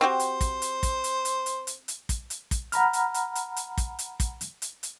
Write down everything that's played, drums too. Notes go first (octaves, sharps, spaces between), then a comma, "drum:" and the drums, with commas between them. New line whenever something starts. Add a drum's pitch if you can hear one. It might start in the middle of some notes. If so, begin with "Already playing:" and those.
C4 F#4 G4 C5
drum: hi-hat
drum: kick, hi-hat
drum: hi-hat
drum: kick, hi-hat
drum: hi-hat
drum: hi-hat
drum: hi-hat
drum: hi-hat
drum: hi-hat
drum: kick, hi-hat
drum: hi-hat
drum: kick, hi-hat
F#5 A#5 B5 F6, drum: hi-hat
drum: hi-hat
drum: hi-hat
drum: hi-hat
drum: hi-hat
drum: kick, hi-hat
drum: hi-hat
drum: kick, hi-hat
drum: hi-hat
drum: hi-hat
drum: hi-hat